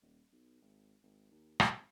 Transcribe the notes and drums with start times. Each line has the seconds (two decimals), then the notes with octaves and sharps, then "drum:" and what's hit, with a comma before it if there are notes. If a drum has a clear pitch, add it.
0.02 D#1
0.32 B1
0.62 G#1
1.03 G#1
1.32 D#2
1.60 G#1, drum: rim click